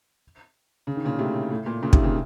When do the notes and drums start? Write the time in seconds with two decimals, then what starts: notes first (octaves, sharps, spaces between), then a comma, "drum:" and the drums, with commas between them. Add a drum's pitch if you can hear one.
0.87 C#3
0.96 D#3
1.05 A#2 C#3
1.18 A2 C3
1.51 A2
1.66 A#2
1.82 A#2 C#3
1.93 C3 D#3, drum: kick
2.03 A#2 C#3